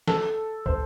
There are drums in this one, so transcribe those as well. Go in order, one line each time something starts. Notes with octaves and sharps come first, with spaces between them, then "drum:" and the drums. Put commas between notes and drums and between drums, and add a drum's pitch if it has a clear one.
A4, drum: snare
C5, drum: kick